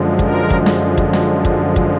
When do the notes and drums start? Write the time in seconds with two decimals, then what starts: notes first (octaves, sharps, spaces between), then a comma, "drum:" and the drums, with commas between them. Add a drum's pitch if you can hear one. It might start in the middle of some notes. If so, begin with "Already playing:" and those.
Already playing: F#2 D3 F3 G#3
0.19 A#4, drum: kick
0.50 drum: kick
0.66 drum: snare
0.98 drum: kick
1.13 drum: snare
1.45 drum: kick
1.76 drum: kick